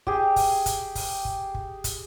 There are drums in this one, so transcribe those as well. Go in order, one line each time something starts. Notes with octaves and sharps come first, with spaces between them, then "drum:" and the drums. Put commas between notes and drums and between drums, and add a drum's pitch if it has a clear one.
G4 G#4, drum: kick
drum: kick, open hi-hat
drum: kick, hi-hat
drum: kick, open hi-hat
drum: kick
drum: kick
drum: kick, hi-hat